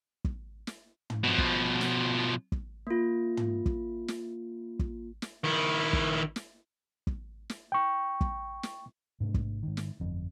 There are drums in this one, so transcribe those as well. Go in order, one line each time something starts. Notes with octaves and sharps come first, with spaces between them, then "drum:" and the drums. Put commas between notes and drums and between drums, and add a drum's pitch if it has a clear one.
drum: kick
drum: snare
drum: tom
B2 F3
drum: kick
drum: snare
drum: kick
A#3 F4
drum: tom
drum: kick
drum: snare
drum: kick
drum: snare
D#3 E4
drum: kick
drum: snare
drum: kick
drum: snare
G5 C#6
drum: kick
drum: snare
G#2 C3 A3 D4
drum: kick
G#2 D#3
drum: snare
G1 F2